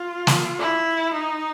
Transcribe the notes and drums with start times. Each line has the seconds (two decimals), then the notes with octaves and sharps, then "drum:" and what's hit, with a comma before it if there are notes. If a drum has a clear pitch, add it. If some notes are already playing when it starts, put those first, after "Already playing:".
Already playing: F4
0.27 drum: snare
0.59 E4
1.13 D#4